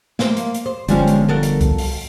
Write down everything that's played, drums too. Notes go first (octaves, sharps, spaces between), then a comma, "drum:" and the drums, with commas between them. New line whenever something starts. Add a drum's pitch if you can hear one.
A#3 C5, drum: snare
drum: hi-hat
drum: hi-hat
C5
G1 F3 G3 G#3 C#4, drum: hi-hat
drum: hi-hat
F#4 A4 A#4
drum: hi-hat
drum: kick C2, hi-hat
drum: open hi-hat